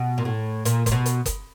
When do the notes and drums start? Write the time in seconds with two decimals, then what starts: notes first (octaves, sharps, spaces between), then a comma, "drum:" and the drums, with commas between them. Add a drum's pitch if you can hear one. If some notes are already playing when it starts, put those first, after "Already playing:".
Already playing: B2
0.18 A#2
0.25 A2
0.65 A#2, drum: hi-hat
0.86 A#2, drum: kick F#1, hi-hat
0.92 B2
1.06 drum: hi-hat
1.26 drum: kick F#1, hi-hat